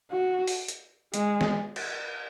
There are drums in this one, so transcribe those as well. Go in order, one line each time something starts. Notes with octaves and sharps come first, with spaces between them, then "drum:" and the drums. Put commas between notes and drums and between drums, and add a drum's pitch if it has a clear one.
F#4
drum: open hi-hat
drum: hi-hat
G#3, drum: hi-hat
drum: snare
drum: cymbal